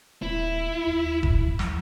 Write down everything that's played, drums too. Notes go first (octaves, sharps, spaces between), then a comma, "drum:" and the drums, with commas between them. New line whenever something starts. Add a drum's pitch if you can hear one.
D#1 E4
D#2
drum: kick E1
drum: snare